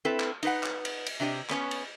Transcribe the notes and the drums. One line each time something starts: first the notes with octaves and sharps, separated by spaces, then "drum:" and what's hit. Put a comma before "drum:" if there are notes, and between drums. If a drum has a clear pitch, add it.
C4 E4 A4 B4
drum: clap
D#4 B4 F#5, drum: cymbal
drum: clap
drum: cymbal
drum: cymbal
C3 D4 G4 D#5
B3 C#4 C#5, drum: clap
drum: cymbal